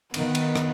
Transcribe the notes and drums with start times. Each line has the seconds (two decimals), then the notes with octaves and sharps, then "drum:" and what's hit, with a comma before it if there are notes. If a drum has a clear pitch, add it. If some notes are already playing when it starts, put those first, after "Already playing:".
0.14 D#3 B3, drum: cymbal
0.35 drum: cymbal
0.56 drum: rim click